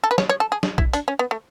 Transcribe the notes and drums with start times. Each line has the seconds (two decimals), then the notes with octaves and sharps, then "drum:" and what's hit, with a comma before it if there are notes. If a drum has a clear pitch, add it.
0.04 A4
0.11 B4
0.18 C#5, drum: snare
0.29 C#5
0.40 A4
0.52 G#4
0.63 drum: snare
0.78 E4, drum: kick
0.93 D4, drum: hi-hat
1.08 C#4
1.19 B3
1.31 A3